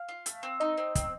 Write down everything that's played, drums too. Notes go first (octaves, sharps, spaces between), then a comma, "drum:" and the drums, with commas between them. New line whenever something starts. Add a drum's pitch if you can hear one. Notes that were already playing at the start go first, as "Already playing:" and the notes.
Already playing: F5
F4
A3, drum: hi-hat
C4
D#4 D#5
C4
C4, drum: kick, hi-hat